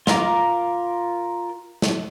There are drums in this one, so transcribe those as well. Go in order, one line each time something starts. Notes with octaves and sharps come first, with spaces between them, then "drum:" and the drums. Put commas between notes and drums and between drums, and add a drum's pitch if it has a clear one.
F4 A#4 A#5 D6, drum: snare
drum: snare